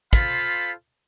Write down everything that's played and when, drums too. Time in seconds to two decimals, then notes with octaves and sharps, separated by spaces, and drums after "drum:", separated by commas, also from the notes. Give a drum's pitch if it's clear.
0.13 F4 A4 C5 F5 B5, drum: kick, hi-hat